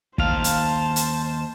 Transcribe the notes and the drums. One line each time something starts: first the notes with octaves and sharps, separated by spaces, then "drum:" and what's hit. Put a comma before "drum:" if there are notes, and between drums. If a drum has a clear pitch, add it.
D#2 C5 F5 A5, drum: kick
drum: hi-hat
drum: hi-hat